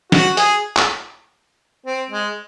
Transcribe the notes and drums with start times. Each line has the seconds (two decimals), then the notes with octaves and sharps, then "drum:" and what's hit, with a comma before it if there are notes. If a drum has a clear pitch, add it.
0.12 F#4, drum: snare
0.37 G#4, drum: hi-hat
0.77 drum: clap
1.86 C4
2.10 G#3